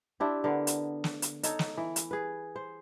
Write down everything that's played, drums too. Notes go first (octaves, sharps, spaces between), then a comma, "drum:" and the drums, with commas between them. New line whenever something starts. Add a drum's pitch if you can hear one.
C4 D4 E4 G4
D3 B3 A#4
drum: hi-hat
drum: snare
drum: hi-hat
D#4 A4 C#5, drum: hi-hat
drum: snare
E3
drum: hi-hat
G#4 B4
C5